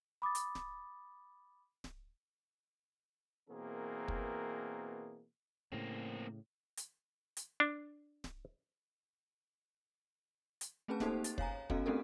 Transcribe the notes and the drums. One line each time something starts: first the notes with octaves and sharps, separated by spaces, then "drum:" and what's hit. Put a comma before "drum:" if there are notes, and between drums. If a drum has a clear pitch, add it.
B5 D6 D#6 A6
drum: hi-hat
drum: snare D1
drum: snare D1
B2 E3 A#3 C4 G#4 A#4
drum: kick
A2 C#3 A#3 C4
drum: hi-hat
drum: hi-hat
D4
drum: snare D1
drum: hi-hat
A3 C4 C#4 G#4 B4 A5
A#3 C#4 D#4 G4 A4 C5, drum: snare D1
A6, drum: hi-hat
C#5 F5 G#5 A#5, drum: kick
B3 C#4 F#4 A4 D#5 F5, drum: kick
A3 C4 D4 G4 A4 A#4